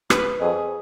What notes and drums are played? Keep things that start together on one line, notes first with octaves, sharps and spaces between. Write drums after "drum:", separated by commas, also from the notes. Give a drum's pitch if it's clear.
B4, drum: rim click
F2 G#4